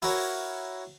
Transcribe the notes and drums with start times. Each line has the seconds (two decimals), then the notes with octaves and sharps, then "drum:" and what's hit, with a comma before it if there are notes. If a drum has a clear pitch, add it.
0.02 E4 F#4 A#4 C#5 F#5, drum: open hi-hat